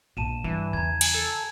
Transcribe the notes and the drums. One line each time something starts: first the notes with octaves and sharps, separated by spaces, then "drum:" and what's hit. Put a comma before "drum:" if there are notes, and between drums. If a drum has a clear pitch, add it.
A#1 A5 D#7 E7
G2 E3
E2 C#3 A#5 G#6
G#5, drum: cymbal
A4